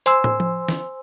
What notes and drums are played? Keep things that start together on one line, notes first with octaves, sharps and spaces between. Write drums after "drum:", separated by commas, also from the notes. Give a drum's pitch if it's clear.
C5 G#5 C6 E6, drum: hi-hat
drum: tom
drum: tom F3
drum: snare